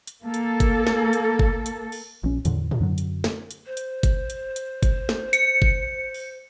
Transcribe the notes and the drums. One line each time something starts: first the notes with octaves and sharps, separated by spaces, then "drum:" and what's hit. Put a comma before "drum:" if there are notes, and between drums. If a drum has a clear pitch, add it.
drum: hi-hat
A#3 A4
drum: hi-hat
drum: kick G1, hi-hat
drum: snare
drum: hi-hat
drum: kick G1
drum: hi-hat
drum: open hi-hat
A#1 C#4
E2 A2 D3, drum: hi-hat
drum: tom G#2
F#2 D3 F#3
drum: hi-hat
drum: snare
drum: hi-hat
C5
drum: hi-hat
drum: kick G1, hi-hat
drum: hi-hat
drum: hi-hat
drum: kick G1, hi-hat
drum: snare
C#7, drum: hi-hat
drum: kick G1
drum: open hi-hat